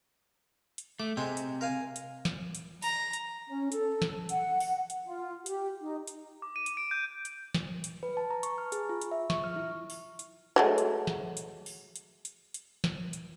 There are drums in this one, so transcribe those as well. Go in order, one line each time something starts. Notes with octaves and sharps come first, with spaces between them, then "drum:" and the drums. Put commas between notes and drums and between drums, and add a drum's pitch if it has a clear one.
drum: hi-hat
A3 D6
C3 G#3 C4
drum: hi-hat
A#4 F5 G#5
drum: hi-hat
drum: snare
drum: hi-hat
A#5, drum: open hi-hat
drum: hi-hat
C#4
A4, drum: hi-hat
drum: snare
F#5, drum: hi-hat
drum: open hi-hat
drum: hi-hat
F4
G4, drum: hi-hat
D#4
drum: hi-hat
D6
D#7
drum: hi-hat
D7
G6
drum: hi-hat
drum: snare
drum: hi-hat
B4
A5
A#5
C#6, drum: hi-hat
F6
G#4, drum: hi-hat
F4
drum: hi-hat
E5
C#6, drum: snare
F6
E4
drum: open hi-hat
drum: hi-hat
F#3 G#3 A3
drum: hi-hat
drum: snare
drum: hi-hat
drum: open hi-hat
drum: hi-hat
drum: hi-hat
drum: hi-hat
drum: snare
drum: hi-hat